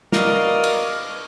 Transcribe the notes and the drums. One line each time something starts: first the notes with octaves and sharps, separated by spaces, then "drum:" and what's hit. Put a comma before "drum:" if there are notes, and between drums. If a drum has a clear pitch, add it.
B2 A#4 D5 D#5 F5, drum: snare
drum: cymbal